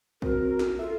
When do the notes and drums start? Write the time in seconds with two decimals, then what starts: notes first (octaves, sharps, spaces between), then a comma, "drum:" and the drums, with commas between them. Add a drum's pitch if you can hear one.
0.22 C4 F#4 A#4, drum: kick A#1
0.59 drum: snare
0.79 F4 A4 E5